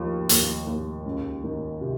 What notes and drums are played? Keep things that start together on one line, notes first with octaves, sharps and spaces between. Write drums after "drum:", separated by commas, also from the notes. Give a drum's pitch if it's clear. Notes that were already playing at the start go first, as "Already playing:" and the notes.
Already playing: D#2 F3
D#2, drum: hi-hat
D#2
C#2
D#3
C3